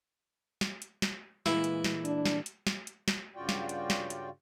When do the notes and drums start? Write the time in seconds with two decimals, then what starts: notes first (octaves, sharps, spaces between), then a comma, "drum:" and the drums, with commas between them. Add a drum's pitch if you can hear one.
0.61 drum: snare
0.82 drum: hi-hat
1.02 drum: snare
1.46 A#2 E3 G#3 E4, drum: snare
1.64 drum: hi-hat
1.84 drum: snare
2.05 D4, drum: hi-hat
2.26 drum: snare
2.46 drum: hi-hat
2.67 drum: snare
2.87 drum: hi-hat
3.08 drum: snare
3.36 G2 C#3 F4 F#4 D5 G5
3.49 drum: snare
3.69 drum: hi-hat
3.90 drum: snare
4.10 drum: hi-hat